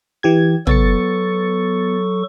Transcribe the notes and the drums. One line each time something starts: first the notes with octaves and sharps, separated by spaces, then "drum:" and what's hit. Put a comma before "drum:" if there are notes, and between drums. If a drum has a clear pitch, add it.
E3 G4 G#6
F#3 B3 A4 C#6 A6 C#7, drum: tom